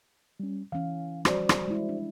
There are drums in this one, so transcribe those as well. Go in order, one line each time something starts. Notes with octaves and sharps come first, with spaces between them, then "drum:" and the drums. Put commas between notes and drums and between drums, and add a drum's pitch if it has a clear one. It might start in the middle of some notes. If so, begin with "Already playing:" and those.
G3 C#4
E3 C#4 F5
F3 G3 F#4 C5 D5, drum: rim click
drum: rim click
G#3 E4
D4